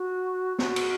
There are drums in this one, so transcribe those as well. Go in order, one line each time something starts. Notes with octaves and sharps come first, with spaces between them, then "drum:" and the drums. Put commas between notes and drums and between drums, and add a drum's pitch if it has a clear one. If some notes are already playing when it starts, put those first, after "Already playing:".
Already playing: F#4
F#4, drum: snare
drum: cymbal